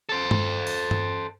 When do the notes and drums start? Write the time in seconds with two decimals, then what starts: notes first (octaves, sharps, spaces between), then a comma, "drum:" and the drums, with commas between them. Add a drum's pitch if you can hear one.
0.09 A4 C5
0.31 drum: tom G2
0.67 drum: open hi-hat
0.91 drum: tom G2